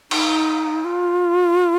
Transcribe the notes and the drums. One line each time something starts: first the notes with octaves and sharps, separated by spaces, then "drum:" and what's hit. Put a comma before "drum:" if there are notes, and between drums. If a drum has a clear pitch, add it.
D#4, drum: cymbal
F4